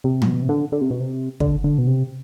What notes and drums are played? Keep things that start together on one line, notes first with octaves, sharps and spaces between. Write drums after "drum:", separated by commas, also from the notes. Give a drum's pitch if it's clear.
C3
A2, drum: tom
B2
C3
D3
D3
C3
B2
C3
D3, drum: kick
D3
B2
C3